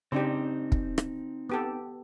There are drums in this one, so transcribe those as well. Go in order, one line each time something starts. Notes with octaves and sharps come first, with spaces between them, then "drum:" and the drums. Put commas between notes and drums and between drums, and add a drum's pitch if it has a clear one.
C#3 C4 D4 D#4 G4
drum: kick
drum: rim click
B3 G4 A4